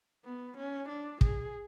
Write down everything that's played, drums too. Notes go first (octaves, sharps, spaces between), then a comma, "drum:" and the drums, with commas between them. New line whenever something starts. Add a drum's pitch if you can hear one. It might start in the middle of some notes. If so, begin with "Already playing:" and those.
B3
C#4
D4
G#4, drum: kick